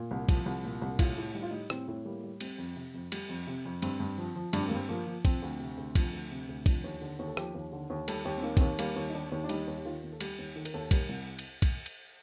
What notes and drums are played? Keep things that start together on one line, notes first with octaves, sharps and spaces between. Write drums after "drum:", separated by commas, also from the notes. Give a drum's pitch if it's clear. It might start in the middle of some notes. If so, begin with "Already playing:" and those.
Already playing: A#2
C2
F3, drum: kick B1, cymbal
C2
A#2
C2
A2 F4, drum: kick B1, cymbal
A2
G3 D#4
F4
G3 D#4
A2 C4, drum: rim click
A2
G3 A#3
G3
G3 C4, drum: cymbal
F2
C3
F2
G3, drum: cymbal
F2
C3
F2
G2 C4, drum: cymbal
G2
F3
F3
G2 D4, drum: cymbal
C4
A#3
G2 C4
F3 A#3
F3
F3 C4, drum: kick B1, cymbal
D2
C3
D2
F3, drum: kick B1, cymbal
D2
C3
D2
F3 D4, drum: kick B1, cymbal
D#2
D3
D#2
A4
F3 G4, drum: rim click
D#2
D3
D#2
G3 A4, drum: cymbal
D#2 G4
C4
D#3 A#3
C4, drum: kick B1, cymbal
D#2 A#3
G3 A#3, drum: cymbal
D#2
D#4
D#3 D4
D#2
D4
G3 D#4, drum: cymbal
D#2
G4
D#3 F4
D#2
A4
G3 G4, drum: cymbal
D#2
D#3 A4
A#4, drum: cymbal
D#2 A4
G3 A#4, drum: kick B1, cymbal
C2
drum: cymbal
drum: kick B1, cymbal
drum: cymbal